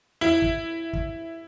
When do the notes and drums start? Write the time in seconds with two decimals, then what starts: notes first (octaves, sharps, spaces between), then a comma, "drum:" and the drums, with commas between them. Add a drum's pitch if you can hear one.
0.21 E4
0.42 drum: kick
0.93 drum: kick